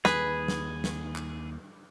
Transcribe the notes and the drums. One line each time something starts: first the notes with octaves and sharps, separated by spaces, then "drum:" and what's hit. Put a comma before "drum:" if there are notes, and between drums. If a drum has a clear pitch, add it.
D#2 G#4 B4 B5, drum: snare
drum: snare
drum: snare
drum: clap